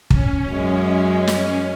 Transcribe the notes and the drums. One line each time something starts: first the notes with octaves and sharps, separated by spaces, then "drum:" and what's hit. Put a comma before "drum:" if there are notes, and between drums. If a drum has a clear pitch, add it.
C#4, drum: kick
F#2 G#3
drum: snare